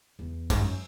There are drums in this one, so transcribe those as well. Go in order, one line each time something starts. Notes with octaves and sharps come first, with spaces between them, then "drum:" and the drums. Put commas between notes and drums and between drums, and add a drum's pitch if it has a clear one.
E2
G#2, drum: kick, cymbal
F#2